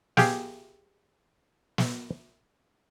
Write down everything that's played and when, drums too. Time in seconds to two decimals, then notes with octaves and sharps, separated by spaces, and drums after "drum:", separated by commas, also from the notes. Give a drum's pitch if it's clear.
0.17 G4 G#4 F5 G5, drum: snare
1.78 drum: snare